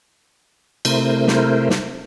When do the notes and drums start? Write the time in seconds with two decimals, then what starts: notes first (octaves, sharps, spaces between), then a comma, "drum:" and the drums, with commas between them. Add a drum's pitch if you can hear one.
0.85 C3 A3 E4 A#4 C5, drum: cymbal
1.28 drum: snare
1.70 drum: snare